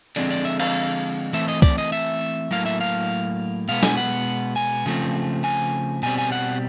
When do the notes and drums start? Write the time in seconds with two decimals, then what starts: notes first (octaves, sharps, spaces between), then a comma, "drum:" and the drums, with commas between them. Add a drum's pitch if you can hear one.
0.16 D3 F3 G#3 C4 D5, drum: hi-hat
0.31 D5
0.45 E5
0.60 F5, drum: cymbal
1.33 E3 A3 C4 E5
1.48 D#5
1.62 D5, drum: kick
1.78 D#5
1.92 E5
2.51 A2 F#3 A#3 F5
2.66 E5
2.81 F5
3.68 B2 G#3 B3 F5
3.83 G#5, drum: snare
3.97 F#5
4.56 G#5
4.86 C#3 F3 A3 C4
5.44 G#5
6.03 B2 G3 C4 G#5
6.19 G#5
6.32 F#5